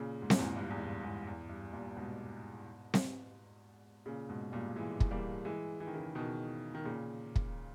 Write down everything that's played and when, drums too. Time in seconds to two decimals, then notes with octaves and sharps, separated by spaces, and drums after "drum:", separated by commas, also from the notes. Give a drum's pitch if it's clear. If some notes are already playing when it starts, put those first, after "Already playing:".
Already playing: A#2 C#3
0.22 G#2
0.30 A#2, drum: snare C4
0.38 E2 G#2
0.56 G2
0.70 E2
0.80 G2
1.03 E2 G#2
1.27 E2
1.49 G2
1.73 G2 A#2
1.96 G#2 B2
2.94 drum: snare C4
4.06 A#2 C#3
4.29 G#2 B2
4.52 G2 A#2
4.76 E3 G#3
5.00 drum: kick
5.11 G3 A#3
5.45 E3 G#3
5.80 E3
5.87 D#3
5.94 C#3 E3
6.15 B2 D#3
6.74 D#3
6.85 A#2 C#3
7.36 drum: kick